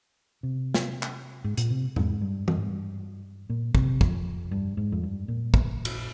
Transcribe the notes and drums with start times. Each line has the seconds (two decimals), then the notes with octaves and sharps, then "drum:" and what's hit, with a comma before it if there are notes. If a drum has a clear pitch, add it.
0.43 C3
0.74 drum: snare
1.03 drum: clap
1.44 G#2
1.58 A#2, drum: hi-hat
1.70 C3
1.96 G#2, drum: tom E2
2.21 G2
2.48 G2, drum: tom E3
2.57 G#2
2.68 G2
3.50 A#2
3.75 C3, drum: kick
4.01 F2, drum: kick
4.51 G2
4.77 G#2
4.92 F2
5.03 G2
5.28 A#2
5.54 drum: kick
5.85 drum: cymbal